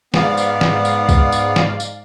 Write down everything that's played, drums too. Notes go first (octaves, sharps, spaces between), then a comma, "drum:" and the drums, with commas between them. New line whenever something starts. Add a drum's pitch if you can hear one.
G#2 B3 D5 F5, drum: snare
drum: tambourine
drum: snare
drum: tambourine
drum: kick C#2, tambourine
drum: tambourine
drum: snare
drum: tambourine